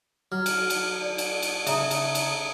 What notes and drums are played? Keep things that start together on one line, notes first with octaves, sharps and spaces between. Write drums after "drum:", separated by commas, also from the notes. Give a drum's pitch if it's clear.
F#3 F6
drum: cymbal
drum: cymbal
D5
drum: cymbal
drum: cymbal
C#3 E5 A#5 D#6, drum: cymbal
drum: cymbal
drum: cymbal